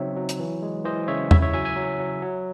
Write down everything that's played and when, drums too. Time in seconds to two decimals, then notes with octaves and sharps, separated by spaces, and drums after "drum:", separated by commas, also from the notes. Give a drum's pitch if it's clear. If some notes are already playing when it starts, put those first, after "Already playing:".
Already playing: C#3 F#3 C4 D#4 C#5 E5
0.17 F#3
0.29 drum: hi-hat
0.40 E3
0.62 G#3
0.85 E3 C5 D#5
1.08 C#3 C#5 E5
1.31 E4 C#5 E5, drum: tom E2
1.42 C#5 E5
1.53 F#3 E5 G#5
1.65 E5 G#5
1.76 F#3
2.00 F#3
2.22 F#3